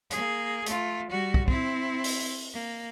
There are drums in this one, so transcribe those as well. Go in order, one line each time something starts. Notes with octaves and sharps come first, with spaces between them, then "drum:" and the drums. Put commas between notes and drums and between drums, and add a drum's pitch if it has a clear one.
A#3 G#4, drum: hi-hat
A3 F4, drum: hi-hat
G3 F#4
drum: kick
C4 E4, drum: kick
drum: open hi-hat
A#3